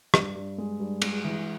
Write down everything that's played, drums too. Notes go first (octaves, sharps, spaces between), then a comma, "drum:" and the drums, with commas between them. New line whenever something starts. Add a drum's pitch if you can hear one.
G2, drum: rim click
G2
G#3
G2
G#3, drum: cymbal
E3